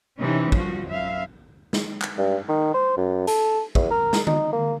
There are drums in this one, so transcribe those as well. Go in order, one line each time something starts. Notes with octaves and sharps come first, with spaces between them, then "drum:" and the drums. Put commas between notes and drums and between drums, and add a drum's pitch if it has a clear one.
C3 E3 C#4 D#4
G2 F3 F#4, drum: kick
F#2 E5 F5
drum: snare
drum: clap
G2
D#3
C5
F#2
A4, drum: hi-hat
E2, drum: kick
A#4
drum: snare
D#4, drum: tom D3
A#3